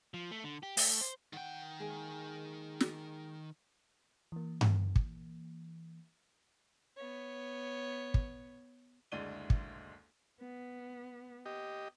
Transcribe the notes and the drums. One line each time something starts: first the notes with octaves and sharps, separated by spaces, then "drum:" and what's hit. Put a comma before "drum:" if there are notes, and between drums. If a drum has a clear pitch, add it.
F3
A3
D3
G4
A3, drum: open hi-hat
C5
D#3 F#5 G5
G#3 A#3 G#4
drum: snare
E3 A#3
drum: tom G2
drum: kick
B3 C#5
drum: kick
F#1 D2 G#3 D4 D#7 G7
drum: kick
B3
G4 D#5